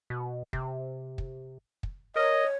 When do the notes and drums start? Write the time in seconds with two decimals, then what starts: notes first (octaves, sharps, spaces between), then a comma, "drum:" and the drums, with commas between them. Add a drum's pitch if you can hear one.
0.10 B2
0.53 C3, drum: kick
1.18 drum: kick
1.83 drum: kick
2.16 A#4 C#5 D#5